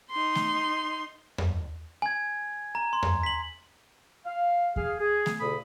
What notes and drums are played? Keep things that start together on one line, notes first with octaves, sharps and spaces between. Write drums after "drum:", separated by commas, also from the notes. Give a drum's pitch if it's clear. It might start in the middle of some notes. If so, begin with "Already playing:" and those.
D#4 C6
drum: snare A3
drum: tom E2
G#5 G#6
A#5
C6
drum: tom E2
B6 F#7
F5
G#4 F5, drum: kick E2
G#4
drum: snare A3
D2 A#2 C#3 A4 B5 D#6